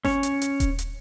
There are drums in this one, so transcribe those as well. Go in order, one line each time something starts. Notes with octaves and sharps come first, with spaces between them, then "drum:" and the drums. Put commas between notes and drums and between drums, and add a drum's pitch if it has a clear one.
C#4 C#5, drum: snare G1
drum: hi-hat
drum: hi-hat
drum: kick D#1, hi-hat
drum: hi-hat